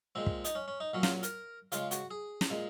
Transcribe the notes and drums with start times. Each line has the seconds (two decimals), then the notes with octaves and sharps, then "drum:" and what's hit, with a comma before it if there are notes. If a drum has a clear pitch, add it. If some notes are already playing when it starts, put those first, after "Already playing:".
0.15 A#2 G#3 C4
0.26 drum: kick
0.45 D#4, drum: hi-hat
0.55 C#4
0.68 C#4
0.80 D#4
0.93 A#2 F#3 C#4
1.03 F4, drum: snare
1.23 A#4, drum: hi-hat
1.72 C#3 G#3 F4, drum: hi-hat
1.91 F#4, drum: hi-hat
2.11 G#4
2.41 drum: snare
2.50 A#2 G#3